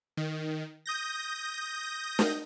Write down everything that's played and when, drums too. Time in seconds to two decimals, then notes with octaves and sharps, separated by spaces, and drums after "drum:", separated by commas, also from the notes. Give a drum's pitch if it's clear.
0.17 D#3
0.86 D#6 G6 A#6
2.19 drum: snare